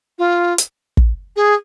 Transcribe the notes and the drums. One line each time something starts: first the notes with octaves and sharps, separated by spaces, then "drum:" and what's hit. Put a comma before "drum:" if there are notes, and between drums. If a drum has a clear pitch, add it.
F4
drum: hi-hat
drum: kick
G#4